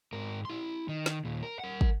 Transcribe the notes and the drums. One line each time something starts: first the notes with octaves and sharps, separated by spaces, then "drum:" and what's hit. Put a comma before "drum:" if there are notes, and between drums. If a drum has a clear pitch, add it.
G#2 A#4
E4 C6
D#3
drum: snare
D#2 A#2
A#4
A#4 F#5
drum: kick